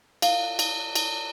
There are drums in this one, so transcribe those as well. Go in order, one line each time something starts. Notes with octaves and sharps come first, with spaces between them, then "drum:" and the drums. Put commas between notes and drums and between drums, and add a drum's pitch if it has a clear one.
F5, drum: cymbal
drum: cymbal
drum: cymbal